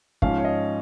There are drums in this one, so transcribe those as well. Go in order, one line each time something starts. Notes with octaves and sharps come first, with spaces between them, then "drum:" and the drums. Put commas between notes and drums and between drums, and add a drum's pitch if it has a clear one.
G#2 F3 C#4 F5, drum: kick
C#5
D#5